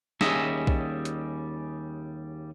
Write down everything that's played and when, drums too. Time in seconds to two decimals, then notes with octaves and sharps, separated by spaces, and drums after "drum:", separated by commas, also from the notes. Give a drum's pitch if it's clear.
0.21 D#2 G3 C#4 G#4 D#5 E5, drum: snare
0.67 drum: kick B1
1.05 drum: hi-hat